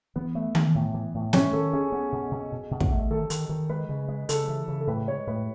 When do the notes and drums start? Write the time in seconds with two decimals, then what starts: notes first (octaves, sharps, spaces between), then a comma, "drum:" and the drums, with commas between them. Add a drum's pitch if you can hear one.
0.16 E3 B3
0.35 A3
0.55 E3, drum: tom D#3
0.75 A2
0.94 E3
1.14 A2
1.33 A3 C#4, drum: snare
1.53 D#3 A4
1.73 C#4 G#4
1.92 B3
2.12 B2
2.31 B2
2.52 B2
2.71 B2
2.80 drum: kick
2.91 A3
3.10 D#3 A4
3.30 D#3, drum: hi-hat
3.49 D#3
3.69 G#3 B4
3.89 C#3
4.08 G#3
4.29 C#3 A4, drum: hi-hat
4.48 E3
4.68 C#3
4.81 A4
4.87 A2 B4
5.07 G#3 C#5
5.27 A2 B4